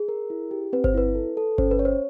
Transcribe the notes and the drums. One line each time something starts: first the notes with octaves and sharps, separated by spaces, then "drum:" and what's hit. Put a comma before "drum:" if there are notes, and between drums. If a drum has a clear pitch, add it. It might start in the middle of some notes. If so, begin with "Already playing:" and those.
Already playing: G#4
A#4
E4
G4
C4 B4
C5, drum: kick G1
E4 B4
A4
A4
C#4 C5, drum: kick G1
B4
C#5
C5